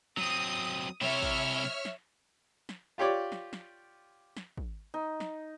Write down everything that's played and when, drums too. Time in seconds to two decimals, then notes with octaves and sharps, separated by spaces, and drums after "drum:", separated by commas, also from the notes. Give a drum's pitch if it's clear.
0.17 F#3 C4 D#6, drum: snare
1.01 C3 E4 C#5 E5 F6, drum: snare
1.22 drum: kick
1.64 drum: snare
1.85 drum: snare
2.69 drum: snare
2.98 F4 G4 C#5 D5
3.32 drum: snare
3.53 drum: snare
4.37 drum: snare
4.57 drum: kick
4.94 D#4
5.20 drum: snare